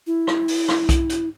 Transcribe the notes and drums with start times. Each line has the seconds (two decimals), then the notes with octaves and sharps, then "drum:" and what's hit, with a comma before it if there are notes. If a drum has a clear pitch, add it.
0.07 E4
0.27 drum: rim click
0.48 drum: open hi-hat
0.68 drum: rim click
0.89 drum: kick B1, hi-hat
1.09 drum: hi-hat